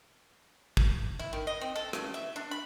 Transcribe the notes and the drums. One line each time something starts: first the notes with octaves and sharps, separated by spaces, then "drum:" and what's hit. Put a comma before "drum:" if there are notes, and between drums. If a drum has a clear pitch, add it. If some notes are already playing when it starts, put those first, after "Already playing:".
drum: kick
E4
D#3
D#5
C4
A4
C#3, drum: rim click
E5
D4
B5